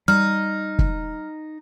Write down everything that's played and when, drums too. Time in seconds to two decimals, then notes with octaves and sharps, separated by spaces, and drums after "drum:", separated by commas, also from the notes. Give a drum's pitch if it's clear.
0.08 G3 D#4 F6
0.79 drum: kick